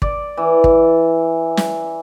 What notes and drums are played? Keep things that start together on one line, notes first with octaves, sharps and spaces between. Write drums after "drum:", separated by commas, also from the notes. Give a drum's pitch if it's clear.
D5, drum: kick
E3
drum: kick
drum: snare